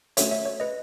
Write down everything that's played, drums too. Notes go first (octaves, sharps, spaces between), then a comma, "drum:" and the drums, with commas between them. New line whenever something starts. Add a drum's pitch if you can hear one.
A3 C#4 F#4 A4 C#5 E5, drum: hi-hat
C#5 E5
C#5
B4 D#5